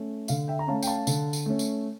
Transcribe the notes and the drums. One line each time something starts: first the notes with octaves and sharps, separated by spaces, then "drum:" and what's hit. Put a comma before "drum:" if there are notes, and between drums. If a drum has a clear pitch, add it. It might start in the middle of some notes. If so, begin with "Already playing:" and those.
Already playing: A3 C#4
D3 F5, drum: tambourine
E5 G5
A#5
A3 C#4 F5 A5
G5, drum: tambourine
F5 A5
D3, drum: tambourine
drum: tambourine
A3 C#4
drum: tambourine